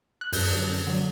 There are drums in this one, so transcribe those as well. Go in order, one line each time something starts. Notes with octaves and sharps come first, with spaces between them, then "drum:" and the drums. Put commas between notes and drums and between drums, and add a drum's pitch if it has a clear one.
F#6
F#2 G6, drum: open hi-hat
D3 F#3
F#2
D3 F#3